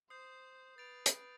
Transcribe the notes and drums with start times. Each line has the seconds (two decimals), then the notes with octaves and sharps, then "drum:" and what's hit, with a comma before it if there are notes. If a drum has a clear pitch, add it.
0.10 C5 D#6 G6 C7
0.78 B4 A6 D7 F7
1.06 drum: hi-hat